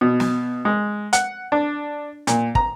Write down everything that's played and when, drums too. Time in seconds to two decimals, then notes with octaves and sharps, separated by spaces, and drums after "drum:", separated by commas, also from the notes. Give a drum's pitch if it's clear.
0.01 B2
0.20 drum: snare
0.65 G#3
1.13 F#5, drum: hi-hat
1.52 D4
2.27 A#2, drum: hi-hat
2.55 A#5, drum: kick